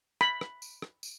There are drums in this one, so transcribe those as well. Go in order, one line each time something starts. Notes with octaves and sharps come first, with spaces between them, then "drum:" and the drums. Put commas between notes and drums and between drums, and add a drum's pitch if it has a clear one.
B5, drum: rim click
drum: rim click
drum: tambourine
drum: rim click
drum: tambourine